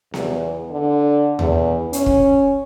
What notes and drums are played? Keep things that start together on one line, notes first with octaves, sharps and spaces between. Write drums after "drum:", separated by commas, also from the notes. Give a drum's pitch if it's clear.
E2, drum: snare B3
D3
E2, drum: tom D#2
C#4, drum: hi-hat
drum: kick